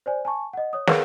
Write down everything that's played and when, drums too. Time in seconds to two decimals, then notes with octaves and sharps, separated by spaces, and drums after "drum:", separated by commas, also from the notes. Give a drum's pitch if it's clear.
0.06 C5 D5 G#5
0.25 G#5 A5 C#6
0.53 D#5 F#5
0.73 C#5 D#6
0.87 G#4 A#4 B4 C#5 F5 F#5, drum: snare